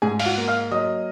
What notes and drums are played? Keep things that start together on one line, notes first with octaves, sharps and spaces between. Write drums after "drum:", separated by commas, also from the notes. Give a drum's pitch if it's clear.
G#2 G#4 G#5
F5, drum: open hi-hat
F#4 F#5
A#3
F5 F6
F#3 D#5 D#6